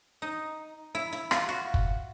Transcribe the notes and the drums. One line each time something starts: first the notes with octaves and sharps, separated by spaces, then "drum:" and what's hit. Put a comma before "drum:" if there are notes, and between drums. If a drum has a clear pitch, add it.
D#4
E4
E4
F4, drum: rim click
F#4
drum: kick